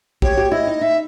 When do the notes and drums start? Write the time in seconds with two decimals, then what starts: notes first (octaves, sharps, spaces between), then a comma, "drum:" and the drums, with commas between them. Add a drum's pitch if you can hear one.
0.22 G4 C#5, drum: kick
0.37 G4
0.52 E4 D#5
0.67 D#4
0.81 D#4 E5